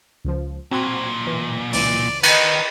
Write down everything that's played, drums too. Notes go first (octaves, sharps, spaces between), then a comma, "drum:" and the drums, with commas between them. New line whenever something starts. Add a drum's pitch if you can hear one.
C#2 F3
B1 A#2 C4 F#4 G#6
E3
C#2 E3 D5 D#7, drum: open hi-hat
D#3 D#4 B4 D#5, drum: cymbal